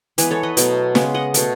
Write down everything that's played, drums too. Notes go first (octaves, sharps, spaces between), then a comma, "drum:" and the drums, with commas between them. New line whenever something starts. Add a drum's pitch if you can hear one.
E3 G#3 B3 G#4 B4, drum: hi-hat
A4 C#5
B4 D#5
B2 F#3 A3, drum: hi-hat
C#3 G#3 B3, drum: snare
D#5 F#5
B2 A3, drum: hi-hat